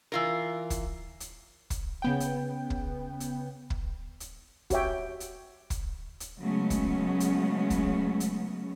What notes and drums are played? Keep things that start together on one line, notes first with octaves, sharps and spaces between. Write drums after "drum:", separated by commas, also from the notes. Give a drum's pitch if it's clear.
E3 F4 A#4
drum: kick, hi-hat
drum: hi-hat
drum: kick, hi-hat
C#3 B3 G5
drum: hi-hat
drum: kick
drum: hi-hat
drum: kick
drum: hi-hat
F#4 G4 C#5 E5 G5, drum: kick, hi-hat
drum: hi-hat
drum: kick, hi-hat
drum: hi-hat
C#3 F#3 G#3 A3 B3 C#4
drum: kick, hi-hat
drum: hi-hat
drum: kick, hi-hat
drum: hi-hat